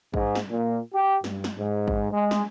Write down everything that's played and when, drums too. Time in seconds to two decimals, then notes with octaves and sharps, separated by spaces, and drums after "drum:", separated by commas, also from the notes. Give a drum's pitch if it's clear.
0.14 G#2, drum: kick A1
0.35 drum: snare
0.50 A#2
0.93 G4
1.24 G2, drum: snare
1.44 drum: snare
1.58 G#2
1.88 drum: kick A1
2.12 G#3
2.31 drum: snare